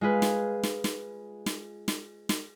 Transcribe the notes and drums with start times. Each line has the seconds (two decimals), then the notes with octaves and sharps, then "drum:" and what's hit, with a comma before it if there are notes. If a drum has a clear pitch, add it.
0.01 G#3 F4 G#4 B4
0.22 drum: snare
0.63 drum: snare
0.84 drum: snare
1.46 drum: snare
1.88 drum: snare
2.29 drum: snare